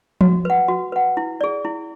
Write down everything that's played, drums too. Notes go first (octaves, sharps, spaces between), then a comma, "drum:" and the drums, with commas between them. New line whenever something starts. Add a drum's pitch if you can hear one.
F#4, drum: tom F3
B4 F#5
F#4
B4 F#5
E4
G#4 D5
E4